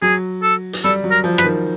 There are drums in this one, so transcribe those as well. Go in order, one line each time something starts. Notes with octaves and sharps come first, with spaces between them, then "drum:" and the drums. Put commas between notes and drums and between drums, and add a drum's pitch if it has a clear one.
F#3 G#4
A4
drum: hi-hat
G3 A4
F#3
A#4
F3
B4, drum: rim click
D#3